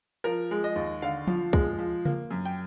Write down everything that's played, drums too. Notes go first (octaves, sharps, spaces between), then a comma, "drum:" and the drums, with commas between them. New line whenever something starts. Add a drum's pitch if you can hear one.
F3 A#4
G#3
D#5
D#2
D3 F5
F3, drum: tom F3
G#3, drum: kick C2
F3
A#3, drum: tom C#3
F#2
G5